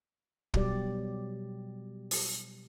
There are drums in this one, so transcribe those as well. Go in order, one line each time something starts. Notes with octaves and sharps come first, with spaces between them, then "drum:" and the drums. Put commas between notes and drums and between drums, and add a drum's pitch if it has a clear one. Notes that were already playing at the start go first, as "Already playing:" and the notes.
B2 F#3 G3 G4 D5, drum: kick
drum: open hi-hat